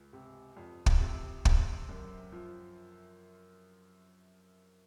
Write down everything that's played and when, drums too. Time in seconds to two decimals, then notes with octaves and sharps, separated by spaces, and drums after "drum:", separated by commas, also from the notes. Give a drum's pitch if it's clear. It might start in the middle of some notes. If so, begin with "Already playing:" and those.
Already playing: C#2
0.13 C3
0.57 F2
0.86 drum: kick
1.01 C3
1.45 C4, drum: kick
1.89 F#2
2.32 F3